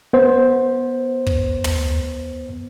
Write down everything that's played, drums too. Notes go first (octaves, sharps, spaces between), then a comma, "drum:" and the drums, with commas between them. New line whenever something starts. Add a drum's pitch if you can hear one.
B3 C5
drum: kick
drum: tom